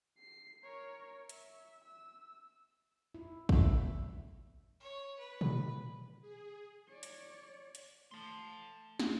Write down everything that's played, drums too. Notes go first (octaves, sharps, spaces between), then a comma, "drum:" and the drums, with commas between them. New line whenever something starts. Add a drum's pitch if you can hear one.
C7
A#4 C#5
E5, drum: hi-hat
E6
E4
E5, drum: kick
C#5
B4
drum: tom A#2
G#4
C#5 D5
drum: hi-hat
drum: hi-hat
A3 A5 C6
drum: snare